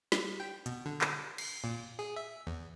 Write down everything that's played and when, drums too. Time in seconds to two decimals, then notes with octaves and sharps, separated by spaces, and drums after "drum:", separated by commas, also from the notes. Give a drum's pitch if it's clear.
0.12 G3, drum: snare
0.40 G5
0.66 B2, drum: hi-hat
0.86 D3
1.01 drum: clap
1.38 C7, drum: cymbal
1.64 A#2
1.99 G#4
2.16 E5
2.47 E2